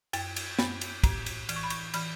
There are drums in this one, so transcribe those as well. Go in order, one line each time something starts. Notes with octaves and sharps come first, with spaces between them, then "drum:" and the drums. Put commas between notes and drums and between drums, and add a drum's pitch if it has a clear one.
F#2 G5, drum: cymbal
drum: cymbal
F#2 B5, drum: snare
drum: cymbal
A2, drum: kick, cymbal
drum: cymbal
E3, drum: cymbal
C#6
B5
C#6, drum: cymbal
E3 B5, drum: cymbal